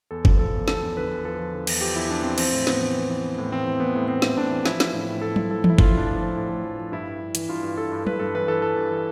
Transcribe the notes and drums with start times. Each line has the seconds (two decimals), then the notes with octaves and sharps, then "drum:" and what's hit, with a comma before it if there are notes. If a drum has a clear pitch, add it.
0.11 E2 A4
0.25 F3, drum: kick
0.39 E2 A4
0.54 E2
0.68 E2 A4, drum: snare
0.82 E2
0.97 D3 B4
1.11 E2
1.25 F3 A4
1.39 F3
1.53 D3
1.67 E2, drum: cymbal
1.81 F3 G4
1.95 E2 E4
2.09 F3 D4
2.23 F3 C4
2.38 E3 C4, drum: cymbal
2.52 A2
2.67 A2 B3, drum: snare
2.80 E3
2.95 E3
3.10 E3
3.23 E3
3.38 A2
3.52 E3 C4
3.66 E3
3.80 E3 B3
3.95 A2
4.08 E3 C4
4.22 A2, drum: snare
4.36 A2 D4
4.51 E3
4.66 F3 E4, drum: snare
4.80 F3, drum: snare
4.93 A2
5.09 A2
5.22 A2 A4
5.36 F3, drum: tom F#3
5.50 A2 A4
5.64 A2, drum: tom E3
5.70 E4
5.79 F3 F4, drum: kick
5.93 F3 D4
6.07 F3
6.16 D4
6.22 F3
6.36 A2
6.50 A2
6.64 F3
6.78 F3
6.92 G2 E4
7.07 G2
7.21 G2
7.35 E3, drum: hi-hat
7.49 G2 F4
7.63 G2
7.77 G2 A4
7.92 G2
8.07 G2 B4, drum: tom F#3
8.20 G2 A4
8.35 E3 B4
8.48 E3 A4
8.62 E3 A4
8.77 G2
8.91 E3